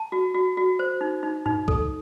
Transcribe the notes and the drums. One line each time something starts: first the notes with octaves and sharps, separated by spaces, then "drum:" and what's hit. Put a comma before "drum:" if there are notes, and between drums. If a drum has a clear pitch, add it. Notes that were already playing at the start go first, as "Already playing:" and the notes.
Already playing: A5
F#4
F#4
F#4
C5
D#4
D#4
D#4, drum: tom G2
A4, drum: kick